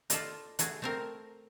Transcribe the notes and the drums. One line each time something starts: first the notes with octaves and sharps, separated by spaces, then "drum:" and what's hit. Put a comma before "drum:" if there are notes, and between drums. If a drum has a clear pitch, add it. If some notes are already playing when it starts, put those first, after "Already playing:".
F4 A4 D5 D#5, drum: hi-hat
A3 F#4 G#4, drum: hi-hat
A3 C4 A#4